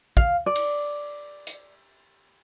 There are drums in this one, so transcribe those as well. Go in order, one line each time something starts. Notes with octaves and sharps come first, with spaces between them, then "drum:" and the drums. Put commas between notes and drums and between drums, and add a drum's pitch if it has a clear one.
F5, drum: kick
D5
drum: cymbal
drum: hi-hat